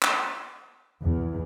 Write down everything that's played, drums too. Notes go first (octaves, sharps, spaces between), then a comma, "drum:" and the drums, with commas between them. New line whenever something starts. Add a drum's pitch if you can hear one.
drum: clap
E2